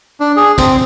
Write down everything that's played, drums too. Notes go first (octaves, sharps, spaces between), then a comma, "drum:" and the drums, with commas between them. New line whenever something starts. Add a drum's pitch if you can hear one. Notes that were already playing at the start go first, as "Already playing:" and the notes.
D4
G#4
C4, drum: kick, hi-hat